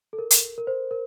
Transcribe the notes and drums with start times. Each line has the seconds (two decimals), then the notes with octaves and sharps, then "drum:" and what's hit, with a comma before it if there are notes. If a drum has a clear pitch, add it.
0.13 A4
0.18 A#4
0.31 drum: hi-hat
0.58 A#4
0.67 C5
0.91 A#4